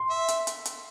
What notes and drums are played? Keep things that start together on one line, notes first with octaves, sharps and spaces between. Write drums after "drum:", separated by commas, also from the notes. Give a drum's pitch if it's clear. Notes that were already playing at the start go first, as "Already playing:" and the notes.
Already playing: C6
E5
drum: hi-hat
drum: hi-hat
drum: hi-hat